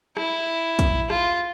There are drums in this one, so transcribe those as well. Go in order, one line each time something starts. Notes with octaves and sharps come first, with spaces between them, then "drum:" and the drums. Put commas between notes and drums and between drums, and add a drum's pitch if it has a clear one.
E4, drum: rim click
drum: kick, hi-hat
F4, drum: rim click